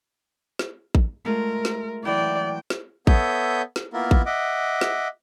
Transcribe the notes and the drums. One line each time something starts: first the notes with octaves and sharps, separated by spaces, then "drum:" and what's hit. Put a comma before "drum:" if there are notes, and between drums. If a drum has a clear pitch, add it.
drum: snare
drum: kick A1
G#3 A3 F4 A#4
drum: snare
E3 F#3 E4 D5 G5
drum: snare
B3 A4 C#5 E5 D#6 G6, drum: kick A1
drum: snare
A#3 B3 E4 F4 A#4
drum: kick A1
D#5 E5 F#5 D6
drum: snare